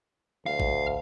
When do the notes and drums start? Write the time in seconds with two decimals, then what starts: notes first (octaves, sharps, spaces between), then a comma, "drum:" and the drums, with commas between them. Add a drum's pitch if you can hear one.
0.46 D2 F5
0.60 drum: kick